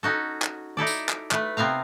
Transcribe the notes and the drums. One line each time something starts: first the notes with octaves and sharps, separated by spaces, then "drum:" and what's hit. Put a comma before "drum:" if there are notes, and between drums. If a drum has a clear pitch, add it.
C#4 D#4 F#4 A4
drum: clap
D#4 E4 A4 D5
drum: tambourine
drum: clap
A3 B4, drum: clap
C3 B3 C4 F5 A#5